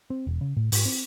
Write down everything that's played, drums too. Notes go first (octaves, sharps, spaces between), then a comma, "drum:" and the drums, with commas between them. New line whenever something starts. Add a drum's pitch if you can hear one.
C4
E1
C#3
A2
G#2, drum: open hi-hat
C4